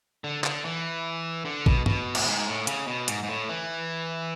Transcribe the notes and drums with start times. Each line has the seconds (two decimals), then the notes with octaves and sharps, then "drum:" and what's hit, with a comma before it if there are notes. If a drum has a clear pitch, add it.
0.24 D3
0.44 D3, drum: clap
0.65 E3
1.45 D3
1.66 B2, drum: kick A1
1.86 B2, drum: tom G2
2.15 A2, drum: cymbal
2.26 G#2
2.47 A2
2.67 C#3, drum: hi-hat
2.87 B2
3.08 G#2, drum: hi-hat
3.23 G#2
3.28 A2
3.49 E3